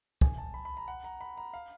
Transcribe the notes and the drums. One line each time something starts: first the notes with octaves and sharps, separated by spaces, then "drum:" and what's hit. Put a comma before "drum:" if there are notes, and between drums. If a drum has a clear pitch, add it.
G#5, drum: kick
A5
B5
B5
A#5
F#5
A#5
B5
A#5
F5